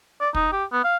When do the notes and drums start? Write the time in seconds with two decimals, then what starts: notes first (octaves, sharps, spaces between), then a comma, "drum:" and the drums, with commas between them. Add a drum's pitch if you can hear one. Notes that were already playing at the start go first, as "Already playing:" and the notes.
0.21 D5
0.35 D#4, drum: kick
0.52 G4
0.72 B3
0.84 F5